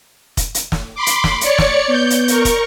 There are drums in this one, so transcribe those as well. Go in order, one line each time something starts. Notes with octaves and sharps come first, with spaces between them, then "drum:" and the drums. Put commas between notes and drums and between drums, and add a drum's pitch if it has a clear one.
drum: kick, hi-hat
drum: hi-hat
drum: snare
B5 C6 D6
drum: hi-hat
drum: snare
C#5 D5 C#7, drum: hi-hat
drum: snare
B3 G6
drum: hi-hat
A#4 C#6, drum: hi-hat
drum: kick, hi-hat